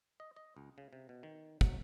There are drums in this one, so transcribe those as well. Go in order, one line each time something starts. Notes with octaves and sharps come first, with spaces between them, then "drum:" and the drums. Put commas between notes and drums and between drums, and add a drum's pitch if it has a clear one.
D#5
D#5
C#2
C#3
C3
B2
D#3
F#3, drum: kick